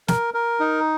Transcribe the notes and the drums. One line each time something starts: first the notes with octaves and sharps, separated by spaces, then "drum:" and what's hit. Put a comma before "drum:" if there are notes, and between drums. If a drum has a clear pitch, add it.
A#4, drum: snare
A#4
D#4